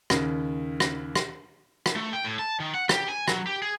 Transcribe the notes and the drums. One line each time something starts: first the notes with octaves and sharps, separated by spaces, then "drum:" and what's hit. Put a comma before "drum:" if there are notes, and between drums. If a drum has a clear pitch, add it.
D#2 C#3, drum: rim click
drum: rim click
drum: rim click
drum: rim click
A3
G5
A2
A5
D#3
F#5
G4, drum: rim click
G#5
F#3, drum: rim click
G4
G#4